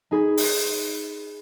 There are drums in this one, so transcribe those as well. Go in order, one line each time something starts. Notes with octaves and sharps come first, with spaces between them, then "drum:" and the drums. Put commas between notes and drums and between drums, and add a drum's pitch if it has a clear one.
D#4 G#4 B5 G#6
drum: open hi-hat